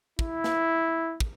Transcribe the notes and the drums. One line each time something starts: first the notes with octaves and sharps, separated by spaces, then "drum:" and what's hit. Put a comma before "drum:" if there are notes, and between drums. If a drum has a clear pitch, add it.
E4, drum: kick
drum: snare
drum: kick